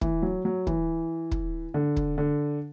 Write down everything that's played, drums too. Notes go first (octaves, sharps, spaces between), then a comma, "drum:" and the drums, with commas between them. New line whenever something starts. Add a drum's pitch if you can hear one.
E3, drum: kick
F#3
F#3
E3, drum: kick
drum: kick
D3
drum: kick
D3